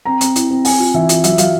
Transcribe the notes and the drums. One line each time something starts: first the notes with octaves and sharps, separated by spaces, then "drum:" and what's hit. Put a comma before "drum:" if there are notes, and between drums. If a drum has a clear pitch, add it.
C4 A#5
C4, drum: hi-hat
E4, drum: hi-hat
C4
C4 G#5, drum: open hi-hat
F4
E3 E5
F4, drum: hi-hat
F#3 E5, drum: hi-hat
F#3 F5, drum: hi-hat